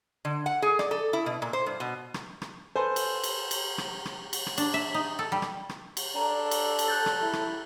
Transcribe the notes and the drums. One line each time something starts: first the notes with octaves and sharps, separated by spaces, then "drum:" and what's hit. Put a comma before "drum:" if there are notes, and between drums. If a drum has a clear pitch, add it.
D3
F#5
G#4
D5, drum: rim click
A4
E4
B2
A#2
C5
G2
B2
drum: rim click
drum: rim click
A4 B4 C5 G#5
drum: cymbal
drum: cymbal
drum: cymbal
drum: rim click
drum: rim click
drum: cymbal
drum: rim click
D4, drum: cymbal
E5
D#4
A4
G3
drum: rim click
drum: rim click
drum: cymbal
D4 A4 A#5
drum: cymbal
drum: cymbal
F#6 G6 A6
drum: rim click
E4
drum: rim click